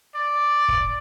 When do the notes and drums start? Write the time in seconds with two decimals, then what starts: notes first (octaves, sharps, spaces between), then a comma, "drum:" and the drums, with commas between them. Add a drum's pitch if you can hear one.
0.15 D5
0.68 drum: kick